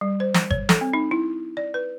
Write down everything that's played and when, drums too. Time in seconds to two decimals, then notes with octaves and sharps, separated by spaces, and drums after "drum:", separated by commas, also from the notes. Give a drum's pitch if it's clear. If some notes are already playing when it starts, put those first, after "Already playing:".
0.01 G3
0.20 C5
0.34 drum: snare
0.51 C#5, drum: kick G#1
0.69 A4, drum: snare
0.81 C4
0.93 D#4
1.11 E4
1.57 D5
1.74 B4